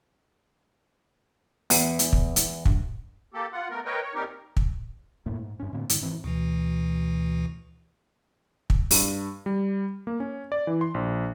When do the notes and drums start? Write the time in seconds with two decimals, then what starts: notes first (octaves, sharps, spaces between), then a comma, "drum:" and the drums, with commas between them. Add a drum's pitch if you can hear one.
1.70 E2 B3, drum: open hi-hat
1.99 drum: hi-hat
2.13 drum: kick
2.36 drum: hi-hat
2.65 G2, drum: kick
3.34 A#3 G4 A4
3.53 F4 F#5
3.70 A3 B3 A#4
3.85 A#4 B4 C#5 D#5 G5
4.01 C#5
4.14 D#2 G3 C4 D#4 G4 A#4
4.57 drum: kick
5.26 F#2 A2 A#3
5.39 G#2
5.60 G2 C#4
5.73 A2 D3 A#3 C4
5.89 G2 D3, drum: hi-hat
6.01 G#2 D#3 E3 C4
6.24 D2 B2 E3
8.70 drum: kick
8.91 G2, drum: open hi-hat
9.46 G3
10.07 A#3
10.20 C#4
10.52 D5
10.67 E3
10.81 C6
10.94 A#1